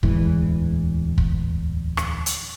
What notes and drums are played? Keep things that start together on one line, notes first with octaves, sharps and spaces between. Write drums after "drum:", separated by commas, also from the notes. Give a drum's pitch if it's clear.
D1 E2 E3 G#3, drum: kick
drum: kick
drum: rim click
drum: hi-hat